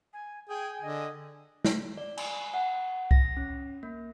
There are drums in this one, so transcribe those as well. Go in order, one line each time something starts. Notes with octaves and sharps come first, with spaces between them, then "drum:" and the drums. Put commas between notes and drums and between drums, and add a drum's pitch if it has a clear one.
G#5
G#4 G5 G#5
D3 D#5
drum: snare
D5
G#5, drum: cymbal
F#5
A#6, drum: kick C2
C#4
A#3